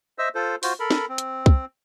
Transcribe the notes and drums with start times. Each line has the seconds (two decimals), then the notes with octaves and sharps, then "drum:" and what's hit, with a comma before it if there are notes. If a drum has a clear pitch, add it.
0.18 C5 D#5 E5 E6
0.35 F4 A4 C5
0.63 F4 F#4 C5, drum: open hi-hat
0.80 A4 A#4 B5
0.91 drum: snare
1.09 C4
1.18 drum: hi-hat
1.46 drum: kick C2